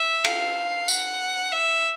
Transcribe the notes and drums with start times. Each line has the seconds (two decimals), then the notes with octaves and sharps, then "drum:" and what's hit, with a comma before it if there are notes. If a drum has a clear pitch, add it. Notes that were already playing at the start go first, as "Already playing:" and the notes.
Already playing: E5
0.24 F5, drum: cymbal
0.88 F#5, drum: tambourine
1.52 E5